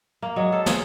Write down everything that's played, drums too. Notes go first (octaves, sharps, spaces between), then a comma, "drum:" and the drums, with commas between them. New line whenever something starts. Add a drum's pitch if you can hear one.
A#3
F#3 G#3
A4
G#4, drum: snare